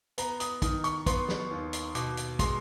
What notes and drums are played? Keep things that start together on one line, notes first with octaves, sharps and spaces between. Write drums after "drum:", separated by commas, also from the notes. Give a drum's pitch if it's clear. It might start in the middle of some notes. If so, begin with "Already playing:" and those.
B3 A#5, drum: hi-hat
D#6, drum: hi-hat
D#3 D#6, drum: kick, hi-hat
C#6, drum: hi-hat
B3 C6, drum: kick, hi-hat
drum: snare
D#2
drum: hi-hat
B2 D6, drum: hi-hat
drum: hi-hat
G#3 C6, drum: kick, hi-hat